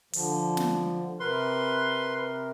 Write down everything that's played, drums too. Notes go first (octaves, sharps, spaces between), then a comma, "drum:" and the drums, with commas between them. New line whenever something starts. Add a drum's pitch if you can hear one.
D3 F3, drum: open hi-hat
drum: snare
C3 A#4 B4 C6